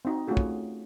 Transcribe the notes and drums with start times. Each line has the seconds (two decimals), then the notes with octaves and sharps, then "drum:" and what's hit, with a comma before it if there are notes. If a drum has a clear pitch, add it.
0.05 C4 D#4 F#4
0.28 A3 C#4 F4 F#4 G#4
0.37 drum: kick
0.50 A3